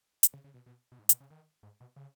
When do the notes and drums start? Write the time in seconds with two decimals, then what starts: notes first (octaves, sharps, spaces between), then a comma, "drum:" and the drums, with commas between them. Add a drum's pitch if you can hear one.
0.23 drum: hi-hat
0.33 C#3
0.44 C#3
0.54 B2
0.66 B2
0.92 B2
0.99 G#2
1.09 B2, drum: hi-hat
1.20 C#3
1.30 D#3
1.63 G#2
1.80 B2
1.96 C#3